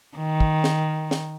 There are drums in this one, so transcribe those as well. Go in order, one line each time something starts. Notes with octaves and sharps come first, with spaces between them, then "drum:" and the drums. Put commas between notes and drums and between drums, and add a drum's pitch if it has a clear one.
D#3
drum: kick
drum: snare
drum: snare